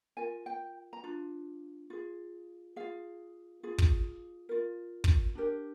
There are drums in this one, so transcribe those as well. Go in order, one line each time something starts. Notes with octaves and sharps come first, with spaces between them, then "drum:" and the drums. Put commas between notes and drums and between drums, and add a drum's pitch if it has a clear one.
F4 A#4 G#5
G5
A#5
D4 F4
F4 G#4
F4 G#4 F5
F4 G#4
drum: kick
F4 A#4
drum: kick
D4 G4 A#4